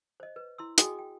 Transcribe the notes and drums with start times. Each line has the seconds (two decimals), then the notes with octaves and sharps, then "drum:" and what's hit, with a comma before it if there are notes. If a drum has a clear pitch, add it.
0.20 C5 D#5
0.36 B4
0.58 E4 C6 E6
0.78 F#4 G#4 D#5 G5 G#5 D#6, drum: hi-hat
0.99 G5